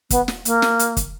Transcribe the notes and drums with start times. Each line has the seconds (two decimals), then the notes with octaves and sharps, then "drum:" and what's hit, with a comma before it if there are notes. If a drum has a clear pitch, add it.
0.10 B3, drum: kick, hi-hat
0.28 drum: snare
0.45 A#3, drum: hi-hat
0.62 drum: snare
0.79 drum: hi-hat
0.97 drum: kick, hi-hat